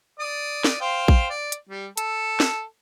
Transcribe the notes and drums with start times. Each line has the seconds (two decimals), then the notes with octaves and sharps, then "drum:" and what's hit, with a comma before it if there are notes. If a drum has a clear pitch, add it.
0.19 D5 D#6
0.64 drum: snare
0.81 C5 F5 G5
1.08 drum: kick
1.30 D5
1.52 drum: hi-hat
1.69 G3
1.97 A4, drum: hi-hat
2.40 drum: snare